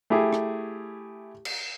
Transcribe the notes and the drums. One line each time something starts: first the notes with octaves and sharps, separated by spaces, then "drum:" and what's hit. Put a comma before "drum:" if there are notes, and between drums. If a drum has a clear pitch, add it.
A3 E4 G4 G#4
drum: rim click
drum: cymbal